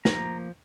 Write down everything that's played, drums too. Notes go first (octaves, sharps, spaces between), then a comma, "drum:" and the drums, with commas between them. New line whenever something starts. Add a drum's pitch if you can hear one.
F3 A#3 A#5, drum: snare